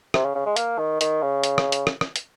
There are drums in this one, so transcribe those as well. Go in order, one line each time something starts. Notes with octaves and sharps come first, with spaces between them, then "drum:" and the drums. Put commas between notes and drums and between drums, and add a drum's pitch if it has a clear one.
C3, drum: rim click
C#3
C#3
G#3
A#3, drum: hi-hat
D#3
D#3, drum: hi-hat
C#3
drum: hi-hat
drum: rim click
drum: hi-hat
drum: rim click
drum: rim click
drum: hi-hat